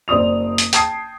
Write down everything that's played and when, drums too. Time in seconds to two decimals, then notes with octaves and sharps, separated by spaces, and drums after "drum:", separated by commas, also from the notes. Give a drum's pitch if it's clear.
0.08 F#1 C4 D5 D#6 F7
0.58 drum: hi-hat
0.73 G5 A5 D#6 G#6 C7, drum: hi-hat